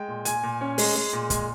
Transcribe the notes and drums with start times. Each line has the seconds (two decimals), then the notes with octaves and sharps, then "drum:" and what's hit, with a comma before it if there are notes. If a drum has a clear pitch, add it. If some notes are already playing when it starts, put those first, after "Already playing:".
Already playing: G#3 G5
0.08 A#2
0.25 A#2 G#5, drum: hi-hat
0.43 A#2
0.61 C#4
0.78 G#3, drum: open hi-hat
0.95 G#3
1.13 A#2
1.30 G#3, drum: kick, hi-hat